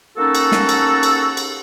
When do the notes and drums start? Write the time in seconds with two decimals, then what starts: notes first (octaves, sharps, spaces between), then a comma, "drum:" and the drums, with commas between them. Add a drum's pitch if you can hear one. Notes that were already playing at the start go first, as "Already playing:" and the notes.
0.18 A#3 C#4 D#4 F#4 A4
0.35 drum: cymbal
0.52 drum: snare
0.69 drum: cymbal
1.03 drum: cymbal
1.37 drum: cymbal